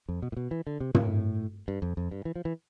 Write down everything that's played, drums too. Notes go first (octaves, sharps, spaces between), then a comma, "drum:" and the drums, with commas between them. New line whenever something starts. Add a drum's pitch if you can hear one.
F2
B2
A2
B2
E3
D3
C3
A2, drum: tom
G2
F2
F2
G2
E3
F3
E3